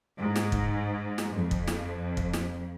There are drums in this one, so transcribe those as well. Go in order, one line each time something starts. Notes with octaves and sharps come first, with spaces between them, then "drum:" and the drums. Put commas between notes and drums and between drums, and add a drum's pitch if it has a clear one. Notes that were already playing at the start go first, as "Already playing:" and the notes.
G#2
drum: snare
drum: kick
drum: snare
F2
drum: kick
drum: snare
drum: kick
drum: snare